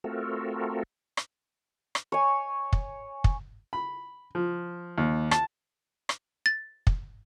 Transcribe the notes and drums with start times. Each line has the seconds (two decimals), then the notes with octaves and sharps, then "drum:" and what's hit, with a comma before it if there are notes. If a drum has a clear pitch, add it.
0.04 A3 C4 F4 F#4 A4 A#4
1.17 drum: rim click
1.95 drum: rim click
2.12 C#5 G#5
2.73 drum: kick
3.24 drum: kick
3.73 B5
4.35 F3
4.98 D#2
5.31 A5, drum: rim click
6.09 drum: rim click
6.46 A6
6.87 drum: kick